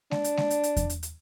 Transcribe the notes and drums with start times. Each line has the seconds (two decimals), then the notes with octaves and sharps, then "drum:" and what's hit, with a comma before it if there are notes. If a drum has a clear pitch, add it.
0.11 D4, drum: snare G#3
0.24 drum: hi-hat
0.37 drum: snare G#3
0.50 drum: hi-hat
0.63 drum: hi-hat
0.77 drum: kick E2, hi-hat
0.90 drum: hi-hat
1.03 drum: hi-hat